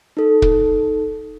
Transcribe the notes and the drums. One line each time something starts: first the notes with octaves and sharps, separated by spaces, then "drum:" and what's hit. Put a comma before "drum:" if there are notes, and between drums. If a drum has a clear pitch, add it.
D#4 A4
drum: kick